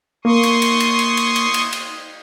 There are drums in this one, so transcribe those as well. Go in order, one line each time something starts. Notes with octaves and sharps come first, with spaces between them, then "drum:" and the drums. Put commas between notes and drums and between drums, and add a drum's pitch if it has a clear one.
A#3 C6 C#6 D#6
drum: cymbal
drum: cymbal
drum: cymbal
drum: cymbal
drum: cymbal
drum: cymbal
drum: cymbal
drum: cymbal